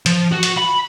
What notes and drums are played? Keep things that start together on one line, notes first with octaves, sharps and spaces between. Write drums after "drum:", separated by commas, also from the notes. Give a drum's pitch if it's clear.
F3, drum: hi-hat
F#4
drum: hi-hat
B5